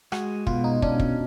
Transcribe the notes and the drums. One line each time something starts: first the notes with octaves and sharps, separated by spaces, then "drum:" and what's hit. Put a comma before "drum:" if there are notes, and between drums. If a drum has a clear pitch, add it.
G#3 F#4, drum: rim click
B2 F4, drum: kick
D#4
C#4 D4, drum: kick
drum: kick